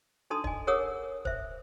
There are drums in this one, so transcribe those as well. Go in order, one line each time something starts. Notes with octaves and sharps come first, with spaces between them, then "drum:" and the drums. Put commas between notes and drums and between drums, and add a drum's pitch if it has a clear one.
D4 D#4 A4 A5 C6 D#6
D#5 G#5, drum: kick
G#4 A#4 C#5 F#5 D#6 E6
C5 E5, drum: kick